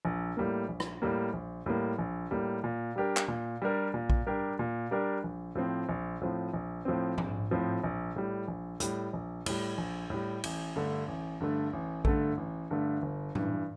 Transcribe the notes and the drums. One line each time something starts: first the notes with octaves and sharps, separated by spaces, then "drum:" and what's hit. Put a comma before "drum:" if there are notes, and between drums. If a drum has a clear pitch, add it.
A#1
A2 G3 A#3
A#1
drum: rim click
A2 G3 A#3
A#1
A2 G3 A#3
A#1
A2 G3 A#3
A#2
G3 D4 G4 A#4
drum: clap
A#2
G3 D4 G4 A#4
A#2
drum: kick A#1
G3 D4 G4 A#4
A#2
G3 D4 G4 A#4
A#1
A2 F3 C4
A#1
A2 F3 C4
A#1
A2 F3 C4
A#1, drum: tom G#2
A2 F3 C4
A#1
A2 G3
A#1
A2 G3, drum: hi-hat
A#1
A2 G3, drum: cymbal
A#1
A2 G3
A1, drum: cymbal
G2 D3 A3
A1
G2 D3 A3
A1
G2 D3 A3, drum: kick A#1
A1
G2 D3 A3
G1
G2 E3, drum: tom A2